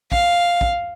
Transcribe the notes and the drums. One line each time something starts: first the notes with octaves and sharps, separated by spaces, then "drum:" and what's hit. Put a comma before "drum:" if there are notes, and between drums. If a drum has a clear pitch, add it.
F5, drum: kick
drum: kick